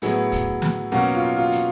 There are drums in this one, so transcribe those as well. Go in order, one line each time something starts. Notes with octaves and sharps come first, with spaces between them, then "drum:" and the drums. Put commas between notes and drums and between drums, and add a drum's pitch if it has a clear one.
A2 F#3 B3 E4 G#4, drum: hi-hat
drum: kick, hi-hat
drum: snare
B2 F#3 A#3 C#4 F#4
F4
F4
drum: hi-hat